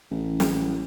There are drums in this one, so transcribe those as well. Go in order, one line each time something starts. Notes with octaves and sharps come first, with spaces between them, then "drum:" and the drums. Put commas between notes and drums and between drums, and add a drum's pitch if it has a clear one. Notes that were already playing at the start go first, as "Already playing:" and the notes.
A1
drum: snare